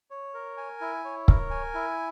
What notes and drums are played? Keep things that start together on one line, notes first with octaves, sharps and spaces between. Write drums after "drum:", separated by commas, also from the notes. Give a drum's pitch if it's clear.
C#5
A#4
G#5
E4
C#5
A#4, drum: kick
G#5
E4